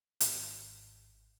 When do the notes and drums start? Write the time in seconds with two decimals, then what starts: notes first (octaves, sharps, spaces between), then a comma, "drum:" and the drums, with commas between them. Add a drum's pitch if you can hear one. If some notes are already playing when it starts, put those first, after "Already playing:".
0.20 G#1, drum: hi-hat